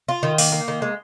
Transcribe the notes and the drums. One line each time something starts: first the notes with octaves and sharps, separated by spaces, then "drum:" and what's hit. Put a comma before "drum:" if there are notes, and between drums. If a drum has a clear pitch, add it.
F4
D#3
A#3, drum: open hi-hat
A#3
D#3
G#3